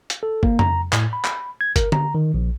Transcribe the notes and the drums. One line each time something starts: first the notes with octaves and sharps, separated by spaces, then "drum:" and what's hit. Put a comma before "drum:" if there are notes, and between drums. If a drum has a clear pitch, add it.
drum: hi-hat
A4
A#3, drum: kick G1
A#5, drum: tom F2
A2, drum: clap
B5
drum: clap
G#6
A#4, drum: kick G1, hi-hat
A#5, drum: tom D3
D#3
A#1